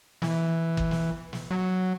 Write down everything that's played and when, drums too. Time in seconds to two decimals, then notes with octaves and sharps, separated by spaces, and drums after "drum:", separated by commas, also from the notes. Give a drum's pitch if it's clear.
0.22 E3, drum: snare
0.77 drum: kick
0.91 drum: snare
1.33 drum: snare
1.51 F#3